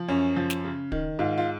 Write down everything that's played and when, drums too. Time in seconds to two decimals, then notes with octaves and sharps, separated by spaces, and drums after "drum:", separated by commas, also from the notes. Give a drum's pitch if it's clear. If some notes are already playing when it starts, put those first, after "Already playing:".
Already playing: F3
0.08 F#2 C#4
0.36 F3
0.50 drum: snare
0.64 C#3
0.92 D#3, drum: kick
1.19 G#2 F4
1.38 F4